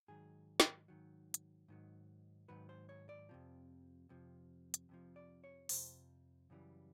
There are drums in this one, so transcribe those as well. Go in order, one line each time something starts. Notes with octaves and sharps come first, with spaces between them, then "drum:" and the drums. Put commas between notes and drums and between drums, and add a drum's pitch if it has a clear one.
G#2 D#3 F#3 G#4
drum: snare
G#2 D#3 F#3
drum: hi-hat
G#2 D#3 F#3
G#2 D#3 F#3 B4
C5
C#5
D5
F2 C3 F3
F2 C3 F3
drum: hi-hat
F2 C3 F3
D5
C#5
F2 C3 F3 C5, drum: open hi-hat
F#2 C#3 E3 G3